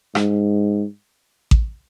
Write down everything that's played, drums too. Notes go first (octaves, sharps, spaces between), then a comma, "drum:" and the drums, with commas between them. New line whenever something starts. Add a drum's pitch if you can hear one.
G#2, drum: rim click
drum: kick A1